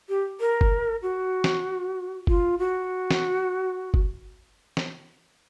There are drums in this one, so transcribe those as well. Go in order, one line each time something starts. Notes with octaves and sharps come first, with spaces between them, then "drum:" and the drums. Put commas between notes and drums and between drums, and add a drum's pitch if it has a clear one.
G4
A#4
drum: kick F#1
F#4
drum: snare
F4, drum: kick F#1
F#4
drum: snare
drum: kick F#1
drum: snare